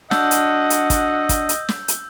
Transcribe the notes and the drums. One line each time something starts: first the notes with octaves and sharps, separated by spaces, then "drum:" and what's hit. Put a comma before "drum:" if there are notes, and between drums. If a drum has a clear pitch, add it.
D4 F#4 D#5 F#5 E6 G6, drum: snare
drum: hi-hat
drum: hi-hat
drum: kick, hi-hat
drum: kick, hi-hat
drum: hi-hat
drum: snare
drum: hi-hat